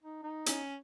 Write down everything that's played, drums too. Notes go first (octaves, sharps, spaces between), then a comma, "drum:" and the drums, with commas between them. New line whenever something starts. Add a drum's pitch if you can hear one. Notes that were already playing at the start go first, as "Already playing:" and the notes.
D#4
D#4
C#4, drum: hi-hat